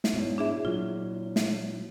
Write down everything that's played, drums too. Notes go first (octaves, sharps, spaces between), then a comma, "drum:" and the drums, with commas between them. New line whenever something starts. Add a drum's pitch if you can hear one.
drum: snare
G#2 B2 E4 C#5 D5
D4 G#4 E5
A#2 F#3 F4
drum: snare